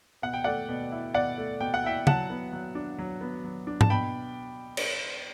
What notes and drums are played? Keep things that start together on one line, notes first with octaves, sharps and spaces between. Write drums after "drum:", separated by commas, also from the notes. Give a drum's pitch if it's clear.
B2 F#5
G5
A3 D5 F#5
B2
E4
B2 D5 F#5
A3
B2 G5
F#5
E4 E5 G5
F#3 F#5 A5, drum: tom
B3
F#3
D4
F#3
B3
F#3
D4
A5, drum: tom G#2
B2 G5 B5
drum: cymbal